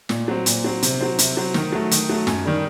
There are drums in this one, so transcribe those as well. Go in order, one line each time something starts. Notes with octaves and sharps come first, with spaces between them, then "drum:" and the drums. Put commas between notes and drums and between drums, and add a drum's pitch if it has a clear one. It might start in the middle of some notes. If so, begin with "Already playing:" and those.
A#2, drum: snare
F#3 C4
A#2, drum: hi-hat
F#3 C4
C3, drum: hi-hat
F#3 C4
C3, drum: hi-hat
F#3 C4
D#3, drum: snare
F#3 A3
D#3, drum: hi-hat
F#3 A3
F#2, drum: snare
D#3 G3